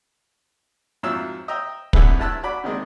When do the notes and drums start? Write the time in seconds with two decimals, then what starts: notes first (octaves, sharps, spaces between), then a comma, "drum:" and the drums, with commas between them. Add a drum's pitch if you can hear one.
1.03 F2 G#2 F#3 F4 E5 E6
1.48 D#5 E5 G5 A#5
1.93 F2 D3 E4 G#4 B4, drum: kick
2.19 G2 E4 A5 E6 F#6
2.43 F#4 D5 B5
2.64 C3 D#3 G#3 D4